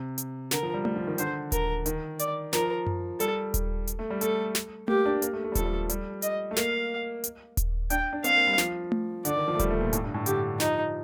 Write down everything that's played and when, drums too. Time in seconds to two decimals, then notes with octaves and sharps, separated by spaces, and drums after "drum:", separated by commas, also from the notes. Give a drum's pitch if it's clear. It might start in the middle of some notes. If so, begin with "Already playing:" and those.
Already playing: C3
0.18 drum: hi-hat
0.51 D3 A#4, drum: snare
0.63 F3
0.74 G3
0.85 G3, drum: tom A3
0.96 F3
1.07 D#3
1.18 D3 C5, drum: hi-hat
1.52 A#4, drum: kick D#1, hi-hat
1.86 D#3, drum: hi-hat
2.19 D5, drum: hi-hat
2.53 F3 A#4, drum: snare
2.87 drum: tom F#2
3.20 G3 A4, drum: hi-hat
3.54 drum: kick D#1, hi-hat
3.87 drum: hi-hat
3.99 A3
4.10 G3
4.21 A3 A4, drum: hi-hat
4.55 drum: snare
4.88 A#3 G4, drum: tom A3
5.06 D4
5.22 A#3, drum: hi-hat
5.33 A3
5.44 A3
5.52 G3
5.55 F3 A4, drum: kick D#1, hi-hat
5.65 G3
5.89 G3, drum: hi-hat
6.22 D#5, drum: hi-hat
6.51 A3
6.56 A#3 F5, drum: snare
7.24 drum: hi-hat
7.57 drum: kick D#1, hi-hat
7.90 D4 G5, drum: hi-hat
8.13 D4
8.24 C4 F5, drum: hi-hat
8.36 A#3
8.47 G3
8.58 F3, drum: snare
8.92 drum: tom A3
9.25 D3 D5, drum: hi-hat
9.36 D#3
9.48 F3
9.55 A3
9.59 G3, drum: kick D#1, hi-hat
9.71 A3
9.81 A#2
9.93 A2, drum: hi-hat
10.04 G2
10.14 A2
10.26 D3 G4, drum: hi-hat
10.60 F3 D#4, drum: snare